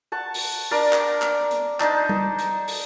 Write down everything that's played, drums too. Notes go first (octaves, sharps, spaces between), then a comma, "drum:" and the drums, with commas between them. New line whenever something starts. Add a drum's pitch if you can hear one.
F#5 A5 C#6
drum: open hi-hat
D4 A#4 D5 D6
drum: clap
drum: clap
drum: hi-hat
D4 D#4 C5 A5, drum: clap
drum: tom
drum: hi-hat
drum: open hi-hat